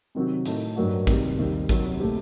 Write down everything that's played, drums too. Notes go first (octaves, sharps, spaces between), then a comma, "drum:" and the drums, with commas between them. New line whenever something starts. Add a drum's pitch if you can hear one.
C3 D#3 F#3 C4 F#4
A2 A3 D#4, drum: hi-hat
G2 F#3 A#3 F#4
C3 D#3 G3, drum: kick, hi-hat
D#2 D#3 G3 C4
C3 D#3 F#3, drum: kick, hi-hat
A#2 A3 C4 G4